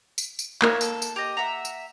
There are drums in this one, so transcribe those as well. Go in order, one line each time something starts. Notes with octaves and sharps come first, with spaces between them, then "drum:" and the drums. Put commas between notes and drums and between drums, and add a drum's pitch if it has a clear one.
drum: tambourine
drum: tambourine
A#3 A#4 C#5 E5, drum: clap
A4, drum: tambourine
drum: tambourine
G4 D#5
E5 F#5 A#5
drum: tambourine